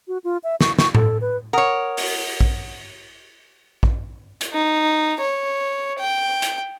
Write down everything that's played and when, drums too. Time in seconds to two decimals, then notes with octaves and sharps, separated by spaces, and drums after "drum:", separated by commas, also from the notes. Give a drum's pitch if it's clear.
0.08 F#4
0.24 F4
0.44 E5
0.61 C#6, drum: snare
0.79 C#6, drum: snare
0.95 A4, drum: tom A2
1.21 B4
1.53 A#4 C#5 F#5 D#6
1.97 drum: open hi-hat
2.40 drum: kick A#1
3.83 drum: kick A#1
4.41 drum: hi-hat
4.53 D#4
5.21 C#5
5.99 G5
6.42 drum: hi-hat